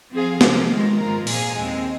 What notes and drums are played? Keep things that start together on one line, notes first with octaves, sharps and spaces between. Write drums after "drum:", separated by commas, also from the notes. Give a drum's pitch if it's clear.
F3 C4 G#4 F5
C3 F3 A#3, drum: snare
D#3 G#3 F4
G#2 G#3 F4 A#4
A#2 F3 C4 G#4 F5, drum: open hi-hat
D#2 D#3 G#3 C4